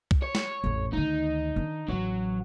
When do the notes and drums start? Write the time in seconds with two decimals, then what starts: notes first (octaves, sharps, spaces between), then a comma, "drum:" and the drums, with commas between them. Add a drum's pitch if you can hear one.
0.11 drum: kick C2
0.23 C#5
0.35 drum: snare
0.64 A1 F2
0.93 D2 D#3 D#4
1.56 D#3 D4
1.88 A1 E3 F#3